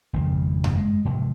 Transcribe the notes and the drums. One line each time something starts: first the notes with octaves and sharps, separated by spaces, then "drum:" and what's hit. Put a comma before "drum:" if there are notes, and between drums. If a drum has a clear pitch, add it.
G#1 F2 C#3 F3
drum: tom F#2
G#3
G#2 C3 F3 F#3